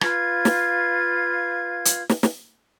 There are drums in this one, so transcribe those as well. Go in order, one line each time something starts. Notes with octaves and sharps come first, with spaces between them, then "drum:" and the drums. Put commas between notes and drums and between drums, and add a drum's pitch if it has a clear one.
F4 B4 F5 G#6, drum: rim click
drum: snare
drum: hi-hat
drum: snare
drum: snare